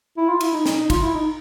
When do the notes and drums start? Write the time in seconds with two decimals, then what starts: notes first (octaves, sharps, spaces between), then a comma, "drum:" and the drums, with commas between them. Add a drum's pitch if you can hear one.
0.17 E4
0.29 F4
0.41 E4, drum: cymbal
0.53 D#4
0.66 D#4, drum: snare
0.77 D#4
0.90 F4, drum: kick, cymbal
1.02 E4
1.14 D#4